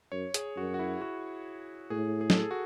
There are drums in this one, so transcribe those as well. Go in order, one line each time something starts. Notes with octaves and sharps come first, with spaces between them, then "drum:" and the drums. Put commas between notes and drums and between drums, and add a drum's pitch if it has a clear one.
F#2 C#5
G#4, drum: hi-hat
F#2 F#4
F#4
E4
F#4
A2 G#4
G#4
A4, drum: snare
G#4
F#4